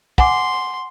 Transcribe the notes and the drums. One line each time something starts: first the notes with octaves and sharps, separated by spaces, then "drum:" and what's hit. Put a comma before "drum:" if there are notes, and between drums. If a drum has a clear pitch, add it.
F#5 G#5 C6 D6, drum: kick